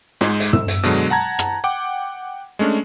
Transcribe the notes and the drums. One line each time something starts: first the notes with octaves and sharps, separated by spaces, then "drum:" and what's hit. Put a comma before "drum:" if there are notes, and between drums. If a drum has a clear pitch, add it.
G#2 G#3, drum: snare
drum: hi-hat
E6, drum: tom
drum: hi-hat
B2 D3 F#3 G#3, drum: hi-hat
F#5 A5 A#5 G#6
drum: rim click
F#5 G5 D6
G#3 A3 C#4 D4